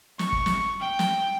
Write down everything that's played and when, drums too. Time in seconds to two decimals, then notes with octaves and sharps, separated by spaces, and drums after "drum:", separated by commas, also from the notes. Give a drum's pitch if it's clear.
0.19 C#6, drum: snare
0.32 drum: kick
0.46 drum: snare
0.81 G5
0.99 drum: snare